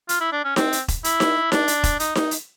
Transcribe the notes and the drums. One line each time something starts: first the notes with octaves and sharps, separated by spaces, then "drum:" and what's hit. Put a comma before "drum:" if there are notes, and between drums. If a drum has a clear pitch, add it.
F4, drum: hi-hat
E4
D4
C#4
C4, drum: snare D#4
drum: hi-hat
drum: kick E1, hi-hat
E4, drum: hi-hat
drum: snare D#4
D4, drum: snare D#4
drum: hi-hat
drum: kick E1, hi-hat
D#4, drum: hi-hat
D#4, drum: snare D#4
drum: hi-hat